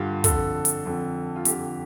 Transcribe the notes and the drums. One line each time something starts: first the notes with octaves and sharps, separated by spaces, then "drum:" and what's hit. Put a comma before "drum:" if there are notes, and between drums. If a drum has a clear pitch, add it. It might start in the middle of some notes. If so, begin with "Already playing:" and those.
Already playing: G2 D3 F4 G4
F2 D3 A4, drum: kick, hi-hat
drum: hi-hat
F2 D3
F4
F2 D3 G4, drum: hi-hat